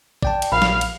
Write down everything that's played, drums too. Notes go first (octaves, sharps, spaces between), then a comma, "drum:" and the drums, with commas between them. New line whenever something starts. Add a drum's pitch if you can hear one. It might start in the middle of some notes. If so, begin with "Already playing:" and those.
D5 G5 A5, drum: kick
drum: cymbal
A#1 F5 B5
drum: snare
drum: cymbal